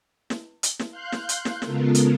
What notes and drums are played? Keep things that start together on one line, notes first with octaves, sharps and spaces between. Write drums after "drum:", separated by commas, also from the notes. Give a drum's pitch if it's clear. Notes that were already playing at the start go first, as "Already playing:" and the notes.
drum: snare
drum: hi-hat
drum: snare
F5 C6 F#6 G6
drum: snare
drum: hi-hat
drum: snare
C#3 G#3 B3 F4 A4 A#4, drum: snare
drum: hi-hat